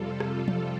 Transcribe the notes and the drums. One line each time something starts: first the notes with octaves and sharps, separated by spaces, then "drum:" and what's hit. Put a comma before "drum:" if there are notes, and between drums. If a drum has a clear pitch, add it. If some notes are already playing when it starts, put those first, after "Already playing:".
Already playing: F2 C3 G3 F4 A4
F4 A4, drum: rim click
drum: tom F3